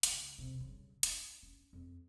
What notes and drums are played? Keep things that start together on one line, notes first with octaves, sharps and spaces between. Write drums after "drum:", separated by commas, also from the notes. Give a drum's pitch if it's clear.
C#2, drum: hi-hat
F2 C3
G2 C#3
D4, drum: hi-hat
C#4
F2